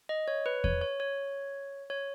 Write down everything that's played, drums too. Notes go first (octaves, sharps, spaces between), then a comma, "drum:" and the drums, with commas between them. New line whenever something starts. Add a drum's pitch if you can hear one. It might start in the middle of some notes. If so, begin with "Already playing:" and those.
D#5
C#5
B4
C#5, drum: kick E2
C#5
C#5
C#5